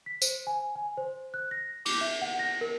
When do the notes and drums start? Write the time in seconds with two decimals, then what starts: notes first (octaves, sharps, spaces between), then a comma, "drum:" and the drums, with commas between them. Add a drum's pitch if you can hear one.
0.06 B6
0.22 C5, drum: tambourine
0.47 G#5
0.75 G#5
0.97 C5
1.34 F#6
1.51 A#6
1.85 D6, drum: cymbal
2.01 E5
2.22 F#5
2.39 A#6
2.61 A#4